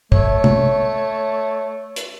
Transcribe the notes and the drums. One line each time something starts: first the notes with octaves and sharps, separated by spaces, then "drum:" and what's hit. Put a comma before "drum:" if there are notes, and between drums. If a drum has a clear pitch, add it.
A3 C#5, drum: kick
drum: tom
drum: hi-hat